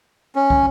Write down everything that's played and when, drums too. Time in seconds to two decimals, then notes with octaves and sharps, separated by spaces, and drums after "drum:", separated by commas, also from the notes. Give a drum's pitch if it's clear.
0.36 C#4
0.50 drum: kick